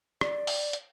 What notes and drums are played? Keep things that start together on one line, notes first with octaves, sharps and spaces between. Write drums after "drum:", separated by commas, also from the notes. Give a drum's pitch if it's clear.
D5, drum: rim click
drum: open hi-hat
drum: hi-hat